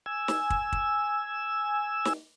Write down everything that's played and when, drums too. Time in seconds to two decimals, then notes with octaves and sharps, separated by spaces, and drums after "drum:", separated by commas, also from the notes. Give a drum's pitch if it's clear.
0.06 G#5 E6
0.28 drum: snare
0.50 drum: kick
0.72 drum: kick
2.05 drum: snare